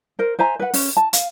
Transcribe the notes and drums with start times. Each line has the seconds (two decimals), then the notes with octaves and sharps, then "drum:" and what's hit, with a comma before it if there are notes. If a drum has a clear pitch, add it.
0.19 A#4 C5
0.39 C5 E5 G#5 A#5
0.60 B4 F#5
0.74 C#4, drum: open hi-hat
0.97 A5
1.13 F5, drum: hi-hat